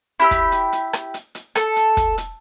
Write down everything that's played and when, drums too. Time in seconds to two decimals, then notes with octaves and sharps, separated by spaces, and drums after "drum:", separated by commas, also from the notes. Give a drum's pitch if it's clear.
0.20 E4 G4 E6
0.31 drum: kick, hi-hat
0.52 drum: hi-hat
0.73 drum: hi-hat
0.93 drum: rim click
1.14 drum: hi-hat
1.35 drum: hi-hat
1.55 A4, drum: rim click
1.76 drum: hi-hat
1.97 drum: kick, hi-hat
2.18 drum: hi-hat